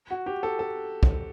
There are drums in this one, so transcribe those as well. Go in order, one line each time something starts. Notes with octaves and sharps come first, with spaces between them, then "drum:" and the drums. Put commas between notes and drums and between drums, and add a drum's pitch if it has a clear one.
F#4
G4
A4
A4
drum: kick